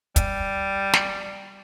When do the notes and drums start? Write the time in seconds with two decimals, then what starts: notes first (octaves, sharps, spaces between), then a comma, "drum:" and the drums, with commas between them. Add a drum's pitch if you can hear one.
0.16 G3, drum: kick, hi-hat
0.93 drum: snare